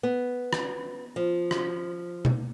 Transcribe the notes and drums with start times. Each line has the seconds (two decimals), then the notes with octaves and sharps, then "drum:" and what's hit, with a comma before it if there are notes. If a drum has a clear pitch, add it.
0.03 B3
0.53 drum: rim click
1.16 F3
1.51 drum: rim click
2.25 drum: tom B2